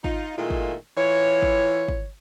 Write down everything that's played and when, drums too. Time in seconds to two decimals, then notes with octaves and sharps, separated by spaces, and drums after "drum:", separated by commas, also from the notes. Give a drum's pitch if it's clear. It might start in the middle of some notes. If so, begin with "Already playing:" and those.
0.04 D#4 F4, drum: kick
0.38 A#2 D#3 G#3 A3 E4 F4
0.50 drum: kick
0.97 E3 E4 F4 C#5
1.42 drum: kick
1.88 drum: kick